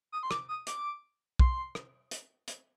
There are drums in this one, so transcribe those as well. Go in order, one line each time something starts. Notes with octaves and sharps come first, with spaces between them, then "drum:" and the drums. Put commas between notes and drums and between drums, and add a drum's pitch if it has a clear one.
D#6
C6
D6, drum: rim click
D#6
D6, drum: hi-hat
C6, drum: kick
drum: rim click
drum: hi-hat
drum: hi-hat